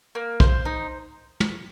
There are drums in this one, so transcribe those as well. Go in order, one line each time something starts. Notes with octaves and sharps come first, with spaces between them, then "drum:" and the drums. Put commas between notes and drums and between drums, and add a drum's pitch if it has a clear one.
A#3
C5, drum: kick
D#4
drum: tom